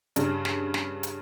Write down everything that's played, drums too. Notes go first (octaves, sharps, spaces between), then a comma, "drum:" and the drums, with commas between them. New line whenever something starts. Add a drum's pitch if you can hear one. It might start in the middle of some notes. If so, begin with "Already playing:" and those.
G2 C#3, drum: hi-hat
drum: snare
drum: snare
drum: hi-hat